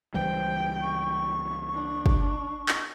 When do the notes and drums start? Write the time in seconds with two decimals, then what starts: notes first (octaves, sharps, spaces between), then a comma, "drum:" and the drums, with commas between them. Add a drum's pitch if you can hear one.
0.14 C#2 E3 G3 C5 G5
0.82 C#6
1.74 D4
2.06 drum: kick
2.69 drum: clap